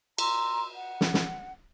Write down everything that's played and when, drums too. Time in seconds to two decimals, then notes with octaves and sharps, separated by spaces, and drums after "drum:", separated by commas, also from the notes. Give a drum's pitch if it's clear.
0.18 A#5 C6 E6, drum: cymbal
0.75 F#5
1.01 drum: snare
1.14 drum: snare